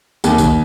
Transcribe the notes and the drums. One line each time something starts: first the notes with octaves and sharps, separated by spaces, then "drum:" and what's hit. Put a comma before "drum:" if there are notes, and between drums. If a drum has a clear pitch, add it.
D#2, drum: tambourine
drum: kick A1, tambourine